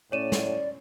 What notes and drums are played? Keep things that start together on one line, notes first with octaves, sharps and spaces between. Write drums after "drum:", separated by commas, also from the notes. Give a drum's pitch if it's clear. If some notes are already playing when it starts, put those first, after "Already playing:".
A2 C#4 C#5 D5 D#7 E7
drum: snare